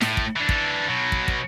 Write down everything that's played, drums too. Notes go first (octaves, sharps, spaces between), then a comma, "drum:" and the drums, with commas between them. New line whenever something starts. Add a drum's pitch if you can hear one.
A2, drum: snare
drum: kick
E3 D4
drum: kick
B2 F#3
drum: kick
drum: kick